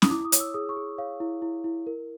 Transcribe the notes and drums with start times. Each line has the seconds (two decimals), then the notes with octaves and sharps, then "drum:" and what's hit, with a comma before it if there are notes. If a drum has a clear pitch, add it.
0.02 D#6, drum: snare C#4
0.10 E4 D6
0.25 D#6
0.32 C#5, drum: hi-hat
0.40 E6
0.54 G#4 D#6
0.69 C#6
0.76 G#4
0.98 C#5 F5
1.20 E4
1.42 E4
1.64 E4
1.87 A#4